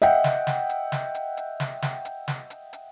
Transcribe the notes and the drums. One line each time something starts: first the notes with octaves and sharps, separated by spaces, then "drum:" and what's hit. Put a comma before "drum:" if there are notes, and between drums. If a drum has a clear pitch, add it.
D#5 E5 F#5 G5, drum: hi-hat
drum: snare
drum: snare
drum: hi-hat
drum: snare
drum: hi-hat
drum: hi-hat
drum: snare
drum: snare
drum: hi-hat
drum: snare
drum: hi-hat
drum: hi-hat